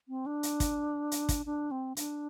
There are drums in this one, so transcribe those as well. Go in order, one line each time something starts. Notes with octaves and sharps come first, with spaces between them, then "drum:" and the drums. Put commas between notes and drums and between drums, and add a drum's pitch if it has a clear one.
C4
D4
drum: hi-hat
drum: kick, hi-hat
drum: hi-hat
drum: kick, hi-hat
D4
C4
D4, drum: hi-hat